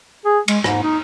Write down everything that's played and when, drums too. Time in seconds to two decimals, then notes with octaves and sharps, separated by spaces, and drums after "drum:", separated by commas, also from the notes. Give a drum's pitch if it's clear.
0.25 G#4
0.48 G#3, drum: cymbal
0.64 G#2, drum: rim click
0.83 D#4